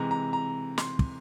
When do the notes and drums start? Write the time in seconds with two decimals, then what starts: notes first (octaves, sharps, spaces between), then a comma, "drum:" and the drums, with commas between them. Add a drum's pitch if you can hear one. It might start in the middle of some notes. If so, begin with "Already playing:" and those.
Already playing: C3 E3 G#3 A#5
0.11 A#5
0.33 A#5
0.78 C6, drum: snare
0.99 drum: kick